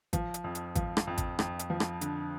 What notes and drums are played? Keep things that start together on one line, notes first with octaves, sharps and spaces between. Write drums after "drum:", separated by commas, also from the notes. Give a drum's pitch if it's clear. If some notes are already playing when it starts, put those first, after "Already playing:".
F3, drum: kick G#1, hi-hat
drum: hi-hat
F2
drum: hi-hat
F3, drum: kick G#1, hi-hat
drum: rim click
F2
drum: kick G#1, hi-hat
F2, drum: rim click
drum: hi-hat
F3
drum: rim click
D3, drum: hi-hat